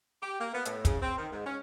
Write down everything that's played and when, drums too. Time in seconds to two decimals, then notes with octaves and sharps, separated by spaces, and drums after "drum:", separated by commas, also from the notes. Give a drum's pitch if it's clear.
0.22 G4
0.39 A#3
0.53 B3
0.65 A2, drum: hi-hat
0.85 C#3, drum: kick, hi-hat
1.01 C4
1.17 D#3
1.32 G#2
1.45 C#4